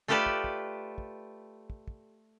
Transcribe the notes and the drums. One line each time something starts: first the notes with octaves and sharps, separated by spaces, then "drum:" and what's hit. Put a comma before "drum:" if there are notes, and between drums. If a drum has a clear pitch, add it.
A3 F4 G4 A4 B4 D5
drum: kick
drum: kick
drum: kick
drum: kick
drum: kick